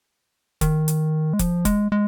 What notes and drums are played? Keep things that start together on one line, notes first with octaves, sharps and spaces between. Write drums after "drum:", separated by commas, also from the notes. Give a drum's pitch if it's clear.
D#3, drum: kick F1, hi-hat
drum: hi-hat
G#3
F3, drum: kick F1, hi-hat
G#3, drum: kick F1, hi-hat
G#3